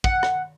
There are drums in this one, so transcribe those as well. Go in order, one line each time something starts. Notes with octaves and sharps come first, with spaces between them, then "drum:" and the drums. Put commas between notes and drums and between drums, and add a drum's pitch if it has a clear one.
F#5, drum: kick
drum: rim click